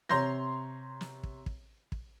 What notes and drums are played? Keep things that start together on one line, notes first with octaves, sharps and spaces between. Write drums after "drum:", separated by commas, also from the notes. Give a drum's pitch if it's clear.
C3 C#5 A#5 C6 G6 A#6, drum: snare
drum: snare
drum: kick
drum: kick
drum: kick